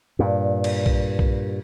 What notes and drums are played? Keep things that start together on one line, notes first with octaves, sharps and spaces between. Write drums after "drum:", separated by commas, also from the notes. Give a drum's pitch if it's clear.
G2 A#2
drum: cymbal
drum: kick A#1
drum: kick A#1